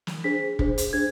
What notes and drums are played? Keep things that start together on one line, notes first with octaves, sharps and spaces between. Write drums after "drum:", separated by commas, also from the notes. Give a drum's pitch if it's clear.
drum: snare
D4 G#4 C5 B6
D4 G#4 C5, drum: kick
drum: hi-hat
D4 G#4 C5 G#6